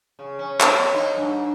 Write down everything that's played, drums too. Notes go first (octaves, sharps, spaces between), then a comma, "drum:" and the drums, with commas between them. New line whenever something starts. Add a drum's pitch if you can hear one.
C#3
C#4
drum: clap
D#4
G2